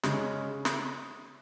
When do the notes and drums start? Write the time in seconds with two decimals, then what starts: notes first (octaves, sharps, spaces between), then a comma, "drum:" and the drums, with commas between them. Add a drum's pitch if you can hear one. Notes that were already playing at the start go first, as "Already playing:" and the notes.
0.03 C#3 G#3 C#4, drum: snare
0.65 drum: snare